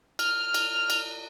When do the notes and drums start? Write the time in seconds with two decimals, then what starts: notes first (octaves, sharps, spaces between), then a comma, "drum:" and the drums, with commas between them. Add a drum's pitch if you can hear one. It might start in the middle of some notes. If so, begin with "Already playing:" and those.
0.19 F6, drum: cymbal
0.54 drum: cymbal
0.90 drum: cymbal